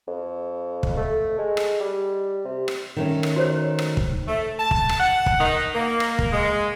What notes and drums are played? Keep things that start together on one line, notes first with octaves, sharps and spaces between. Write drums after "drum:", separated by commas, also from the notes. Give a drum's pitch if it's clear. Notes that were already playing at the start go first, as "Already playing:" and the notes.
F2
drum: kick
A3
G#3
drum: rim click
G3
C3
drum: rim click
D#3 A3 C#4
drum: rim click
F#4 C5 C#5
drum: rim click
drum: kick
A3
A5
drum: kick
drum: rim click
F#5
drum: kick
D#3 D#4
A#3
drum: rim click
drum: kick
G#3